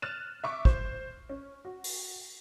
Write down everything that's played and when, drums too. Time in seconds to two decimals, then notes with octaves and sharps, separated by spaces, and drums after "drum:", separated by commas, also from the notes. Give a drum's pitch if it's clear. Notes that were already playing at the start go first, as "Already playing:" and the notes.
0.02 F6 F#6 A6 D#7 E7
0.44 E5 C#6 D6
0.65 C5, drum: kick
1.29 C#4
1.65 F#4
1.84 drum: open hi-hat